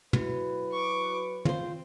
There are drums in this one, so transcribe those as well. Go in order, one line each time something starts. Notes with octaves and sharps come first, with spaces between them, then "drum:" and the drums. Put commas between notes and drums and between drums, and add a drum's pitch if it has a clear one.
F#3 E4 F#4 B4, drum: tom
C#6 D6
C4 F4 C5, drum: tom